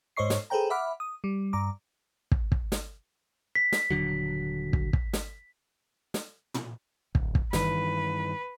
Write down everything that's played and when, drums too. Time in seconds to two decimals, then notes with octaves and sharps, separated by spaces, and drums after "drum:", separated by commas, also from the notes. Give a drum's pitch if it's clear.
0.17 G#2 C5 C#5 D#5 C#6 C7
0.30 drum: snare
0.50 G#4 A4 B4 C5 G5 A#5
0.70 E5 F#5 B5 D6 F6
1.00 D#6
1.24 G3
1.53 G2 A#5 D6
2.31 drum: kick
2.52 drum: kick
2.72 drum: snare
3.55 B6
3.72 drum: snare
3.91 D#1 D3 F#3
4.73 drum: kick
4.93 drum: kick
5.13 drum: snare
6.14 drum: snare
6.54 drum: tom
7.15 D1, drum: kick
7.35 drum: kick
7.53 G2 D#3 E3 B4, drum: snare